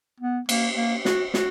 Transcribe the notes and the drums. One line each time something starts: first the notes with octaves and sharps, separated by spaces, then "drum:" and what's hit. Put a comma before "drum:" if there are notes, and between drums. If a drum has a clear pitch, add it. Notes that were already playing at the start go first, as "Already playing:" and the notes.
B3
A#3, drum: cymbal
A#3
F#4, drum: snare
F#4, drum: snare